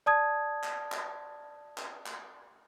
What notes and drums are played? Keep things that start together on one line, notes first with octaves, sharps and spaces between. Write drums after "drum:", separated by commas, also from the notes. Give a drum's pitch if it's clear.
D5 A5 D#6 G#6
drum: clap
drum: clap
drum: clap
drum: clap